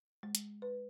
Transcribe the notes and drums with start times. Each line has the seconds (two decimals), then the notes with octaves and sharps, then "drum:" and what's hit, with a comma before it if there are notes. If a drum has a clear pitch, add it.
0.23 G#3
0.35 drum: hi-hat
0.62 B4